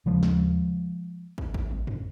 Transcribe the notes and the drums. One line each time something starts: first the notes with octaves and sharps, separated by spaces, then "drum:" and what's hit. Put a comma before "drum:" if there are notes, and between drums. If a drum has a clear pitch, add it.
D#2 C#3 F3 G#3
drum: snare
drum: kick
drum: kick
drum: tom
drum: tom F2